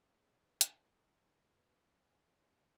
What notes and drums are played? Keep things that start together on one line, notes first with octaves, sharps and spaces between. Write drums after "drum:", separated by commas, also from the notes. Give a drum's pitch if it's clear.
E4 G#4 C#5 D#5
drum: hi-hat
A4
F#4 B4
G#5